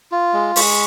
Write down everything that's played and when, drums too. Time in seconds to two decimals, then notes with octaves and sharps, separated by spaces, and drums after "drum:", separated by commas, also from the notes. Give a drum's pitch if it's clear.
0.12 F4
0.33 G#3
0.56 G#3 C#6, drum: open hi-hat